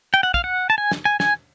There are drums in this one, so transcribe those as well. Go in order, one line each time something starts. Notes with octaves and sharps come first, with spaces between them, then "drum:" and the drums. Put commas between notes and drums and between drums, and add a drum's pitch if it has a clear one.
G5
F#5
F5, drum: kick
F#5
A5
G#5
drum: snare
G#5
G#5, drum: snare